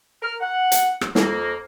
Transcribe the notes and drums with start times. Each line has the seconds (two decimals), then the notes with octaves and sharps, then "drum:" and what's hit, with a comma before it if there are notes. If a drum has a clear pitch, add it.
0.22 A#4 F6
0.41 F#5
0.72 drum: hi-hat
1.01 drum: rim click
1.15 F2 A#3, drum: snare